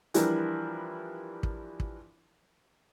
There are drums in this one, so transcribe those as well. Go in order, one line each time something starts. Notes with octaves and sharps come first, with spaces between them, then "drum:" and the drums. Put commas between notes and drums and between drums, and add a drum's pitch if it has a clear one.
E3 F3 G3 D4 E4 A#4, drum: hi-hat
drum: kick
drum: kick